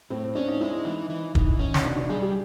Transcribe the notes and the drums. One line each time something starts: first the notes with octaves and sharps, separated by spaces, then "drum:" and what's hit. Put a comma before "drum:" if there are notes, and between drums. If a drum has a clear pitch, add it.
A2 C4
C#4 D4
D#4
G#3 E4
D#4
E3
E3
E3 D#4, drum: kick
C#4
drum: snare
B2 D4
D4
G3 G#4
G4